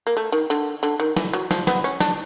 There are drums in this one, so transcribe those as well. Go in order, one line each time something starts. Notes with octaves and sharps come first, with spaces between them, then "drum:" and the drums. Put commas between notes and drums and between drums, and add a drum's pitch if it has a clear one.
A#3
A3
D#3
D3
D3
D#3
E3, drum: snare
F#3
F3, drum: snare
B3, drum: snare
C#4
D4, drum: snare